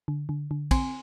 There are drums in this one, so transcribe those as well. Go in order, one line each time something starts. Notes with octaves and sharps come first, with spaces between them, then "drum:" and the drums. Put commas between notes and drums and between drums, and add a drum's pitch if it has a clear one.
D3
D3
D3
C4 G#5 C6, drum: kick, cymbal